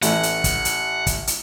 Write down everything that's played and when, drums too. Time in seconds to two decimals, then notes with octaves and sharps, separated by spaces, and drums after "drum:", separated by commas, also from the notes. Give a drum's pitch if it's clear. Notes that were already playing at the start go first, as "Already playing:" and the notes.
0.02 A1 F#5, drum: hi-hat
0.23 drum: hi-hat
0.44 drum: kick, hi-hat
0.65 drum: hi-hat
1.07 drum: kick, hi-hat
1.27 drum: hi-hat